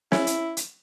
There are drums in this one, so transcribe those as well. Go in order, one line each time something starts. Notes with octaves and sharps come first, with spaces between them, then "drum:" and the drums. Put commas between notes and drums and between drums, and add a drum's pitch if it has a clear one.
C#4 E4, drum: snare
drum: hi-hat
drum: hi-hat